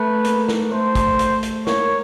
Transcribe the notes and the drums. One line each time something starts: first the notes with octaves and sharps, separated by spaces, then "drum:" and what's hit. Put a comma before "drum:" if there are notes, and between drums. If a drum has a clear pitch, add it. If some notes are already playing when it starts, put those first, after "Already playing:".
Already playing: A3 B4
A#3, drum: hi-hat
drum: snare
A3 C5
drum: kick, hi-hat
drum: hi-hat
drum: hi-hat
A#3 C#5, drum: snare